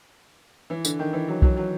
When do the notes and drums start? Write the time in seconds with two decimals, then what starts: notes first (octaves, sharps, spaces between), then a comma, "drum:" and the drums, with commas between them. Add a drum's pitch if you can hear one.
0.70 E3
0.85 D3, drum: tambourine
0.99 D#3
1.13 E3
1.28 F#3
1.42 F#3, drum: kick B1
1.57 F#3